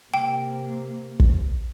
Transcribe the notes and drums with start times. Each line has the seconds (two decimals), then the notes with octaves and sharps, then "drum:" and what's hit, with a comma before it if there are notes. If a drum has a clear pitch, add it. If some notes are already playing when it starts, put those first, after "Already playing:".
0.14 C3 A#3 G5
1.20 drum: kick